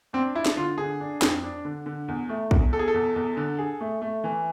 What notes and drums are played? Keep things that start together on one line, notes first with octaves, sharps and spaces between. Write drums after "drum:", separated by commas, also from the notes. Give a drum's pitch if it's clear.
C4 D4
D4 E4
drum: snare
D3 F4
D3 G#4
D4
F2, drum: snare
D4
D3
D3
E2
A3
E2, drum: kick
E2 A4
G#4
A4
E2
E2
D3
G#4
A3
A3
E3